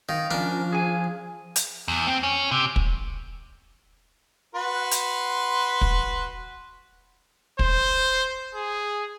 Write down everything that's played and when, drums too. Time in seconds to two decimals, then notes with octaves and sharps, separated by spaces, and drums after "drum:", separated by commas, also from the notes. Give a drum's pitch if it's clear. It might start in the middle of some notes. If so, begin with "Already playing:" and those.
0.09 D#3 F5
0.31 F3 C#4 D4 A#4
0.73 G#4 G#5
1.56 drum: hi-hat
1.88 E2
2.07 C4
2.23 C#4
2.51 C3
2.76 drum: kick
4.55 F#4 B4 C6
4.91 drum: hi-hat
5.81 drum: kick
7.59 C5, drum: kick
8.55 G#4